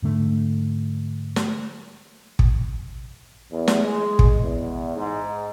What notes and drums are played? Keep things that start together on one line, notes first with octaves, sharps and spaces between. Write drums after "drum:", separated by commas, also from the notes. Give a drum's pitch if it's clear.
G#2 D3 A3
drum: snare
drum: kick
E2
drum: snare
G#3
drum: kick
E2
G#2